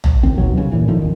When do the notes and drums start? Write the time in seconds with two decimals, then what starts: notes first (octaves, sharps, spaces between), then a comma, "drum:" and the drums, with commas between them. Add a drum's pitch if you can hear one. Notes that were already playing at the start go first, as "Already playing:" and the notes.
0.04 drum: tom
0.23 C#2 D#3 C4
0.38 D#2 B2 F#3
0.57 C2 C#3
0.72 G1 A#2 E3
0.88 A#2 D3 D#3 F3
1.02 F2 D#3